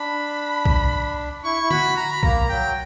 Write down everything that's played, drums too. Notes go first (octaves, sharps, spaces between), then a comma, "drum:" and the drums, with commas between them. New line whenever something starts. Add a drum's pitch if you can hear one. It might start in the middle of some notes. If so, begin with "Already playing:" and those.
Already playing: D4 B5
drum: kick B1
E4 C#6
E4
F#4 B5, drum: tom D3
A#5
B5
A#3 A#5, drum: kick B1
F#3 G5